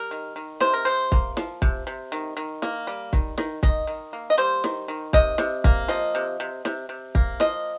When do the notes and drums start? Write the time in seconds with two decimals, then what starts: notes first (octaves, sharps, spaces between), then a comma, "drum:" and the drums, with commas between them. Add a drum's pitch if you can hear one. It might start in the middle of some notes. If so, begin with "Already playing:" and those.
Already playing: G3 A#4
0.11 D#3
0.36 D#3
0.60 C3 C5, drum: snare
0.73 A#4
0.85 C3 C5
1.12 A#3, drum: kick
1.37 F3, drum: snare
1.62 C3, drum: kick
1.87 C3
2.12 D#3
2.37 D#3
2.62 A#3, drum: snare
2.87 G3
3.13 D#3, drum: kick
3.38 D#3, drum: snare
3.63 D#3 D#5, drum: kick
3.87 D#3
4.13 A#3
4.30 D#5
4.38 G3 C5
4.64 D#3, drum: snare
4.88 D#3
5.13 C3 D#5, drum: kick
5.38 C3, drum: snare
5.64 A#3, drum: kick
5.88 F3 D#5
6.15 C3
6.40 C3
6.65 C3, drum: snare
6.89 C3
7.15 A#3, drum: kick
7.40 F3 D#5, drum: snare